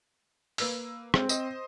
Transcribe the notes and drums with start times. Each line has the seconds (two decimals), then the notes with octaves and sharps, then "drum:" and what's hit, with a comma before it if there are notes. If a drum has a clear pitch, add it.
0.58 A#3 B4 E6, drum: open hi-hat
1.14 G#3 C4, drum: rim click
1.29 C5 D#5, drum: tambourine